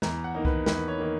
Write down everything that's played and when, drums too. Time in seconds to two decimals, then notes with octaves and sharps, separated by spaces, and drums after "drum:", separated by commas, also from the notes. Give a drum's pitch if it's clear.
0.02 E2 A#5, drum: snare
0.24 F#5
0.35 D#3 A#3 D#4
0.45 B4, drum: kick C2
0.66 E2 B4, drum: snare
0.88 C#5
0.98 D#3 A#3 D#4